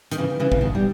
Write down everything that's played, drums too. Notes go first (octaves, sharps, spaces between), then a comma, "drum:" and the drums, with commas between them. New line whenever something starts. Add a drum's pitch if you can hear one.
D#3, drum: hi-hat
C#3 E3
C#3 E3
C#3, drum: kick
B2 D#3
G3